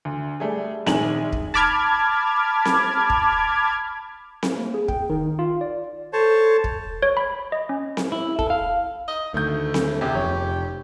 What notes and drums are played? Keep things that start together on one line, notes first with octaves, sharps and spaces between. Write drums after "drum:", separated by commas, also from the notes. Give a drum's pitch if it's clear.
D2
G3 A3 G#4
A#1 D#3 G#3 G#5 F#7, drum: snare C4
drum: kick
A5 B5 D6 F6 G#6
drum: snare C4
drum: kick
drum: snare C4
A#3
G#4
G5, drum: kick
D#3
F4
D5
A4 C5 C#5 A5
drum: kick
C#5
B5
D#5
C#4
drum: snare C4
E4
A4, drum: kick
F5
D#5
D2 D#3 A3 G6
drum: snare C4
E2 C3 G4
F1 C#5